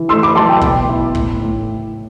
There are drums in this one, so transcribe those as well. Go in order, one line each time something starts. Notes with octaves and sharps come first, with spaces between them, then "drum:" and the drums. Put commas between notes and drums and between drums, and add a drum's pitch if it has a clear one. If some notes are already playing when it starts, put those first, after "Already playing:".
Already playing: E3
A3 C6 E6
B5 D6
F#3 A5 C6
G5
B2, drum: kick
E4
A2, drum: kick
A2